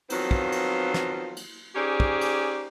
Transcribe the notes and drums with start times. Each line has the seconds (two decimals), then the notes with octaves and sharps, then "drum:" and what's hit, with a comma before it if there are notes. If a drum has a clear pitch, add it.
0.10 D#3 F3 F#3 B3 C4 F4, drum: cymbal
0.31 drum: kick
0.52 drum: cymbal
0.94 drum: snare
1.37 drum: cymbal
1.75 C#4 D#4 G4 G#4 C5 D5
2.00 drum: kick
2.21 drum: cymbal